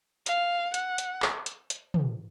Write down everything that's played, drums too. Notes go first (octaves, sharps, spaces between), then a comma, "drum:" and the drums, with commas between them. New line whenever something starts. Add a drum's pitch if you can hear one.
F5, drum: hi-hat
F#5, drum: hi-hat
drum: hi-hat
drum: clap
drum: hi-hat
drum: hi-hat
drum: tom